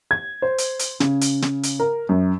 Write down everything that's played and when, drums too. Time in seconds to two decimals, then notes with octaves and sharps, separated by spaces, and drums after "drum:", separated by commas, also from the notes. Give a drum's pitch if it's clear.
0.11 G#6
0.42 C5
0.58 drum: hi-hat
0.79 drum: hi-hat
1.00 C#3, drum: snare
1.21 drum: hi-hat
1.42 drum: snare
1.63 drum: hi-hat
1.80 A#4
2.09 F#2